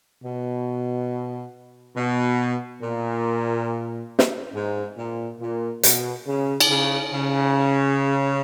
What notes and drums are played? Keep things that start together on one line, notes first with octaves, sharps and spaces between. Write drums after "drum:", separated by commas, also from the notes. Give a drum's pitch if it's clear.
B2
B2
A#2
drum: snare
G#2
A#2
A#2
B2, drum: hi-hat
C#3
drum: cymbal
C#3
C#3